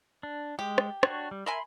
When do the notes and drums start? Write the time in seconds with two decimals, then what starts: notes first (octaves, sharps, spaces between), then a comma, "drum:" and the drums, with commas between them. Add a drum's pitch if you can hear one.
0.23 D4
0.59 G#3 G4
0.78 drum: rim click
1.03 D4 F#4 C#5, drum: rim click
1.31 G3
1.46 A#4 E5 G#5 B5 C6